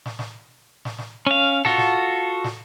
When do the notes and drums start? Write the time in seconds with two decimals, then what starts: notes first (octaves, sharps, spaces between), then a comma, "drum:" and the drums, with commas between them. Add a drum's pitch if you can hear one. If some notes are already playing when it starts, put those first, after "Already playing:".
0.06 drum: snare
0.19 drum: snare
0.85 drum: snare
0.98 drum: snare
1.27 C#4 F5
1.65 F4 F#4 A4, drum: snare
1.78 drum: snare
2.44 drum: snare